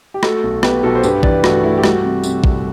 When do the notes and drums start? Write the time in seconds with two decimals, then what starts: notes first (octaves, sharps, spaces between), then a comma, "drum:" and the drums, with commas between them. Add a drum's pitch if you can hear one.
0.14 G4
0.23 A3 F#4 A4, drum: rim click
0.43 B1
0.63 B2 G4 B4, drum: rim click
0.83 B1 F#4 A4
0.95 C5
1.03 G2 G4 B4, drum: tambourine
1.23 E3 B4 D5, drum: kick
1.44 A3 F#4, drum: rim click
1.64 A3 E4
1.77 G4
1.84 G3 F#4, drum: rim click
2.03 C3
2.24 C3, drum: tambourine
2.44 C2, drum: kick